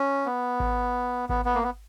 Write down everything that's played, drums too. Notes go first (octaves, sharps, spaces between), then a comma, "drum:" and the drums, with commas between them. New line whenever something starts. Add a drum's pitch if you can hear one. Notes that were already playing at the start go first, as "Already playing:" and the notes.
Already playing: C#4
B3
drum: kick G#1
B3, drum: kick G#1
B3
A#3
B3